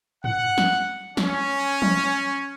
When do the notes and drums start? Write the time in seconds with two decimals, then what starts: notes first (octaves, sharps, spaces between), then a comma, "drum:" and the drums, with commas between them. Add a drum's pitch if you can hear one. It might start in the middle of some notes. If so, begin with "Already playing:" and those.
0.24 F#5, drum: tom G2
0.58 drum: snare
1.17 C#4, drum: snare
1.82 drum: tom